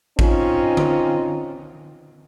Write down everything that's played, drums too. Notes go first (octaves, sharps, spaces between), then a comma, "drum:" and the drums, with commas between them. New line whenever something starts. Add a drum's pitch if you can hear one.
C4 C#4 D#4 F4, drum: kick A1
drum: tom D3